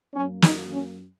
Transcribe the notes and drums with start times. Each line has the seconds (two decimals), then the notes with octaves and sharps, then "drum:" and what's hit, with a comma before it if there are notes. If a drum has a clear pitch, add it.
0.14 F#2 F#3 A#3 C#4
0.42 D#4, drum: snare
0.71 C#4